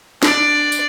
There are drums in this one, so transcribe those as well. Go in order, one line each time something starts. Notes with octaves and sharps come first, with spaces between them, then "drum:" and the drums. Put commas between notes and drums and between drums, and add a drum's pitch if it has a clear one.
D4 D5, drum: snare
drum: tambourine